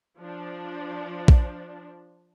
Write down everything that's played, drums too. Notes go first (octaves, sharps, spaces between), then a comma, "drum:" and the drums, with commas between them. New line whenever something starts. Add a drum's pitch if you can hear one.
F3 D4
drum: kick A#1